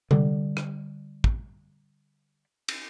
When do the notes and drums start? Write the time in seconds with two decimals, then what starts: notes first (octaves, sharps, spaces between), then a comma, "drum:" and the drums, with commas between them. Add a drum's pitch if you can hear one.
0.11 D3 G3, drum: tom C3
0.57 drum: rim click
1.24 drum: kick
2.68 drum: cymbal